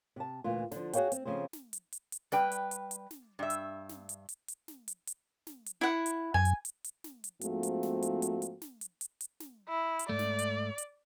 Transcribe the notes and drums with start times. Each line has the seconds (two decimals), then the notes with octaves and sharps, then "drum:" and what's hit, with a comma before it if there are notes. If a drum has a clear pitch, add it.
0.16 C3 A5
0.44 D2 A#2 E3 F4
0.71 D3 F3, drum: snare
0.93 F#4 G#4 A#4 C#5 F5 G5, drum: hi-hat
1.12 C4, drum: hi-hat
1.26 C#3 F3 A3 C4
1.53 drum: snare
1.73 drum: hi-hat
1.92 drum: hi-hat
2.12 drum: hi-hat
2.32 G3 B4 G5, drum: snare
2.52 drum: hi-hat
2.71 drum: hi-hat
2.91 drum: hi-hat
3.11 drum: snare
3.39 G2 E5
3.50 drum: hi-hat
3.89 drum: snare
4.09 drum: hi-hat
4.29 drum: hi-hat
4.48 drum: hi-hat
4.68 drum: snare
4.88 drum: hi-hat
5.07 drum: hi-hat
5.47 drum: snare
5.66 drum: hi-hat
5.81 E4 F#5
6.06 drum: hi-hat
6.34 F#2 G#5
6.45 drum: hi-hat
6.65 drum: hi-hat
6.84 drum: hi-hat
7.04 drum: snare
7.24 drum: hi-hat
7.41 G#2 F3 A3 A#3 C4 F#4, drum: hi-hat
7.63 drum: hi-hat
7.83 drum: snare
8.02 drum: hi-hat
8.22 drum: hi-hat
8.42 drum: hi-hat
8.61 drum: snare
8.81 drum: hi-hat
9.01 drum: hi-hat
9.21 drum: hi-hat
9.40 drum: snare
9.69 E4
9.99 drum: hi-hat
10.09 G#2 A3 D5
10.19 drum: snare
10.39 drum: hi-hat
10.78 drum: hi-hat